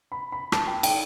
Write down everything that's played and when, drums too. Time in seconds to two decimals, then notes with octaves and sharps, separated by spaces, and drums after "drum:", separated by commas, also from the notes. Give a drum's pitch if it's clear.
0.12 B5
0.32 B5
0.52 A5, drum: rim click
0.67 G5
0.83 G5, drum: cymbal